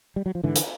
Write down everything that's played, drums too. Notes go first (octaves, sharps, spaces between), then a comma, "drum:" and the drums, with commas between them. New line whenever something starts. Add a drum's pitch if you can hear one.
G3
F#3
F3
G#2 D3 E3
drum: hi-hat